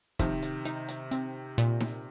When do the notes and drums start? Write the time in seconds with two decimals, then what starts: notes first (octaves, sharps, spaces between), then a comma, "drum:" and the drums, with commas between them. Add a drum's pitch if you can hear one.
0.19 C3 D#3 F3, drum: kick, hi-hat
0.43 drum: hi-hat
0.65 D#4, drum: hi-hat
0.89 drum: hi-hat
1.11 C4, drum: hi-hat
1.58 A#2, drum: hi-hat
1.80 drum: snare D#4